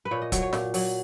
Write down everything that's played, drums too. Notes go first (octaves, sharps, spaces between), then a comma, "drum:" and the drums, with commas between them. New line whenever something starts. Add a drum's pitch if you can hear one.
B4
A#2 C#5
D#5
F#3 C#5, drum: kick, hi-hat
C#5
A#2, drum: snare
F#3, drum: open hi-hat